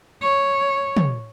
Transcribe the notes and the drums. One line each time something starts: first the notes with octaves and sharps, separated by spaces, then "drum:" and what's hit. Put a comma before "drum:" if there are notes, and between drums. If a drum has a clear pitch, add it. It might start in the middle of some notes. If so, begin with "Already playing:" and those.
C#5
drum: tom